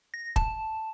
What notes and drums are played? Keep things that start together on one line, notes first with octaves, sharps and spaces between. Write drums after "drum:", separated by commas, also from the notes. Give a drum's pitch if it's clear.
A#6
A5, drum: kick